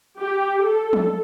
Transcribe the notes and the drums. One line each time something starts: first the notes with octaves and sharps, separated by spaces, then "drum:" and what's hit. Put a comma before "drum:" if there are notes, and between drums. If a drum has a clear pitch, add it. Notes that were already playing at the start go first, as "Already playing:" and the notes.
G4
A4
drum: tom F3